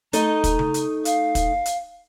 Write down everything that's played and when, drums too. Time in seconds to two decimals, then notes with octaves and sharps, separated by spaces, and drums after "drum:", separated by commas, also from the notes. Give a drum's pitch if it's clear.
0.13 A3 D#4 D#5 A#5, drum: hi-hat
0.44 drum: kick, hi-hat
0.59 drum: tom C#3
0.74 drum: hi-hat
1.05 F5, drum: hi-hat
1.35 drum: kick, hi-hat
1.66 drum: hi-hat